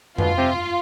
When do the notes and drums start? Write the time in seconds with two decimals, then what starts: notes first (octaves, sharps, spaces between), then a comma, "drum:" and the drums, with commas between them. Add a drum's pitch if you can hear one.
0.18 B2 F4, drum: tom F2
0.37 C3